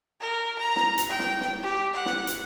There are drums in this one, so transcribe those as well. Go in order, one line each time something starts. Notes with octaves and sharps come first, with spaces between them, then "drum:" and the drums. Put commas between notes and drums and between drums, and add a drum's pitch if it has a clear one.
A#4
A#5
drum: snare
drum: hi-hat
G5
drum: snare
drum: snare
G4
F#5
drum: snare
drum: hi-hat